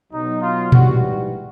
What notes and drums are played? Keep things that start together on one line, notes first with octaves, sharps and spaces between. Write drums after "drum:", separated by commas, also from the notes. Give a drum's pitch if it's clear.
B1 B2 F#3 D#4
F4
A#1 G#2 E3 G3 F#4, drum: tom A#2